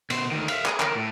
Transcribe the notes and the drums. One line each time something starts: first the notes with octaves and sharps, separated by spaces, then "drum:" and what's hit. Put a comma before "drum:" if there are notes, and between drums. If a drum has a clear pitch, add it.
B2 C5, drum: cymbal
D2 D#3
E5 F5, drum: cymbal
G#4, drum: clap
A#4 G5, drum: clap
A2